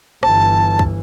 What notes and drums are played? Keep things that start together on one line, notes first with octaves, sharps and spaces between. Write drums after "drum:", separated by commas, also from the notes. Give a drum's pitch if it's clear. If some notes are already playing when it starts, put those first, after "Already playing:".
G1 E3 A5, drum: rim click
drum: kick